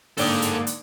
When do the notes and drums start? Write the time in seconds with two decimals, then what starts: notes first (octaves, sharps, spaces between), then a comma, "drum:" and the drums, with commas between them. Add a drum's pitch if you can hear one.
0.17 G#2 D3 A#3 A4 D5 G5 D6 D#6, drum: open hi-hat
0.42 drum: hi-hat
0.67 drum: hi-hat